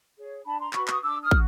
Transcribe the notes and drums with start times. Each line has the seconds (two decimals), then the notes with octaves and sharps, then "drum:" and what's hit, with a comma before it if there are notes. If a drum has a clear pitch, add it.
0.17 G#4 C#5
0.44 D4 A5 B5
0.59 A#5 C6
0.73 F#4 B4 B5 C#6, drum: clap
0.88 C#6 D#6, drum: clap
1.02 D4 D6 E6
1.21 D#6 F6
1.31 F#4, drum: kick